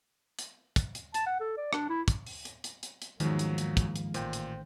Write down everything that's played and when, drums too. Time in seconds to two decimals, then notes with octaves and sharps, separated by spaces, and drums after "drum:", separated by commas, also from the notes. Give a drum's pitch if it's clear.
0.39 drum: hi-hat
0.76 drum: kick, hi-hat
0.95 drum: hi-hat
1.14 A5, drum: hi-hat
1.27 F#5
1.40 A4
1.57 D5
1.73 D4, drum: rim click
1.89 E4
2.08 drum: kick, hi-hat
2.26 drum: open hi-hat
2.45 drum: hi-hat
2.64 drum: hi-hat
2.83 drum: hi-hat
3.02 drum: hi-hat
3.20 E2 G#2 D#3 F3 F#3 G#3 A#3, drum: hi-hat
3.39 drum: hi-hat
3.58 drum: hi-hat
3.77 drum: kick, hi-hat
3.96 drum: hi-hat
4.14 A1 A#2 C5 G5, drum: hi-hat
4.33 drum: hi-hat